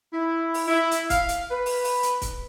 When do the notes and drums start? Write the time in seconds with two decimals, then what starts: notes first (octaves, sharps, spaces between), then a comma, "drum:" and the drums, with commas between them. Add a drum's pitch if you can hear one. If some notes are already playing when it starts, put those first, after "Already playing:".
0.12 E4
0.54 drum: open hi-hat
0.67 E4
0.91 drum: hi-hat
1.10 F5, drum: kick, hi-hat
1.29 drum: hi-hat
1.51 B4
1.66 drum: open hi-hat
1.84 drum: open hi-hat
2.03 drum: hi-hat
2.22 drum: kick, hi-hat